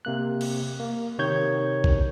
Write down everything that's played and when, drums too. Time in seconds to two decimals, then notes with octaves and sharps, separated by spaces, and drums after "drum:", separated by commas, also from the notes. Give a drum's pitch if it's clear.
0.05 C3 A#3 F#6
0.41 drum: cymbal
0.80 A#3
1.18 C3 D#3 C#5 G6 G#6
1.84 drum: kick